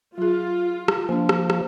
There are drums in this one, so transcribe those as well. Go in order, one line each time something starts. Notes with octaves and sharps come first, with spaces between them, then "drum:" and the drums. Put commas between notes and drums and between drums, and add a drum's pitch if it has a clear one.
F#3 F4 G#4
drum: rim click
F3 A#3 D4
drum: rim click
drum: rim click